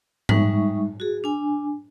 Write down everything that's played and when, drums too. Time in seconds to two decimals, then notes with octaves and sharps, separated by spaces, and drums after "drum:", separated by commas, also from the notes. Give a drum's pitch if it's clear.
0.29 G3 G#3 D#4 E5 C#6, drum: tom G#2
1.00 F#4 G#4
1.24 D4 G#5